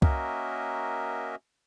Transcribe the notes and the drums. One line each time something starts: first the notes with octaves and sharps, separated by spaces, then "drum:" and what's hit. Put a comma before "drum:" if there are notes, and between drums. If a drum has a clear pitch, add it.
A#3 C#4 F#4 A#4 D#5 E5, drum: kick C2